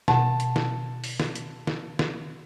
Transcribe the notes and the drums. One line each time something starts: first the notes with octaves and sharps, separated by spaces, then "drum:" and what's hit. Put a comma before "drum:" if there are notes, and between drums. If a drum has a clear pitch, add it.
B2 F#5 A5, drum: snare
drum: hi-hat
drum: snare
drum: open hi-hat
drum: snare
drum: hi-hat
drum: snare
drum: snare